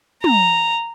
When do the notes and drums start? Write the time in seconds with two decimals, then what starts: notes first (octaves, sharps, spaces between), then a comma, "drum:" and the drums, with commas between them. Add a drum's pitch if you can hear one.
0.24 A#5, drum: tom